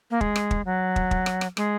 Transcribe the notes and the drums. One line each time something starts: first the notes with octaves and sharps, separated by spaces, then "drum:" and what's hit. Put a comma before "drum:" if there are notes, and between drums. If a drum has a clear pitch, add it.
A#3
G#3, drum: kick
drum: rim click
drum: kick
F#3
drum: kick
drum: kick
drum: rim click
drum: rim click
G#3, drum: rim click